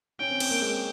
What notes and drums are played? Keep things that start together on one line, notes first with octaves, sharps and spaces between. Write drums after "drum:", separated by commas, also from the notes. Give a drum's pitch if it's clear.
C#4 G5
C4
C4, drum: cymbal
A#3
G#3